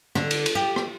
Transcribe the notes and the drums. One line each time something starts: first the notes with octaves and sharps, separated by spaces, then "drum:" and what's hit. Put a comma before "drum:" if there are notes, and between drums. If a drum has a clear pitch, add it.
D3, drum: rim click
drum: cymbal
drum: cymbal
G4
drum: rim click